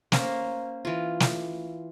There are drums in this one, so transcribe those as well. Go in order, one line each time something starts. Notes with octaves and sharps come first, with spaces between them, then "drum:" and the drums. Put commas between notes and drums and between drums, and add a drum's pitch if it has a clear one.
A#3 C#4 C5 A#5, drum: snare
E3 F4
drum: snare